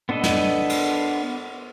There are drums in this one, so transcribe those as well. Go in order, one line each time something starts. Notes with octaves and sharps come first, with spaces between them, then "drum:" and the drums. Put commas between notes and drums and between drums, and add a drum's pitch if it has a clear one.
B3 D4 A4 B4 D#5
drum: snare
drum: cymbal